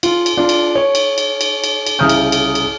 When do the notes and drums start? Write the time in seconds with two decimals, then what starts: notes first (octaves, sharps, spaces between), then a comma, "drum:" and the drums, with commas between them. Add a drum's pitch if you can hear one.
0.03 F4, drum: cymbal
0.26 drum: cymbal
0.37 D4 F4
0.49 drum: cymbal
0.75 C#5
0.95 drum: cymbal
1.18 drum: cymbal
1.41 drum: cymbal
1.64 drum: cymbal
1.87 drum: cymbal
1.99 C2 C#3 A#5 D#6 F6 G6
2.09 drum: cymbal
2.32 drum: cymbal
2.55 drum: cymbal